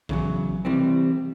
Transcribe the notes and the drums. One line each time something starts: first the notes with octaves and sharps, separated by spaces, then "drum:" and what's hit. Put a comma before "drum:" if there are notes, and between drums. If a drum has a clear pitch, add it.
E2 C#3 F#3, drum: kick A#1
C3 E3 G3 C4